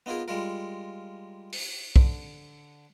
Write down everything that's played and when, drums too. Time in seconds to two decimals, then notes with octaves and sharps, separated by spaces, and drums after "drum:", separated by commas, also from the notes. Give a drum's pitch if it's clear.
0.06 B3 D#4 F4 G#4 A#4
0.28 G3 G#3 F4 A#4
1.52 drum: open hi-hat
1.96 D3, drum: kick